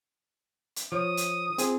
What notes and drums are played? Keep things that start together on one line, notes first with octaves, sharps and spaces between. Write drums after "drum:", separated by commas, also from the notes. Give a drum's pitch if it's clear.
drum: hi-hat
F3 C#5 D#6
drum: hi-hat
C4 F4 G#4, drum: hi-hat